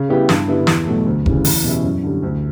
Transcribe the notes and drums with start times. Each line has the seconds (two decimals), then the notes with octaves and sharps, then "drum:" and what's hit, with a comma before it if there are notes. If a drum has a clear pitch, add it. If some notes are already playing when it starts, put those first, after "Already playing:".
Already playing: C#3
0.09 G3 B3 E4 G4
0.29 G2, drum: snare
0.48 D3 G3 B3 E4
0.67 E2, drum: snare
0.86 B2 F#3 A3
1.06 D2
1.26 C#3 E3 G3 C#4, drum: kick F1
1.45 E2, drum: open hi-hat
1.64 B2 G3 C#4 E4
1.84 F#2
2.03 D3 G3
2.23 D2